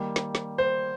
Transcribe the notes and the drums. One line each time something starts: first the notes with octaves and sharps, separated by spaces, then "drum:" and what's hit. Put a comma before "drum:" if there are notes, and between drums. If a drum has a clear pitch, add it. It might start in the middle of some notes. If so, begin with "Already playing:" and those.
Already playing: D#3 G3 A#3
drum: snare
drum: snare
C5